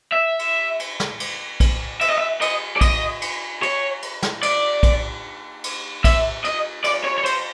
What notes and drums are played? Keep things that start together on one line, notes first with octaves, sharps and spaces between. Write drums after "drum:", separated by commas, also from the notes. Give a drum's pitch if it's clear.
E5
drum: cymbal
drum: cymbal
drum: snare
drum: cymbal
drum: kick A#1, cymbal
E5, drum: cymbal
D#5
E5
D#5, drum: cymbal
D5
D#5, drum: kick A#1, cymbal
drum: cymbal
C#5, drum: cymbal
drum: cymbal
drum: snare
D5, drum: cymbal
drum: kick A#1, cymbal
drum: cymbal
E5, drum: kick A#1, cymbal
D#5, drum: cymbal
D5, drum: cymbal
C#5
C#5
C5, drum: cymbal